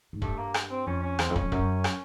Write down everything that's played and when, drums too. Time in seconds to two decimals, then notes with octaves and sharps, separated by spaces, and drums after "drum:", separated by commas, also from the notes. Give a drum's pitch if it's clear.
0.13 G#2
0.22 G2 A3, drum: kick
0.38 A#3
0.54 drum: rim click
0.71 C4
0.86 F2 C#4
1.03 C#4
1.19 E2 C4, drum: rim click
1.30 F2
1.36 C#4, drum: kick
1.41 F2
1.52 F#2, drum: kick
1.84 drum: rim click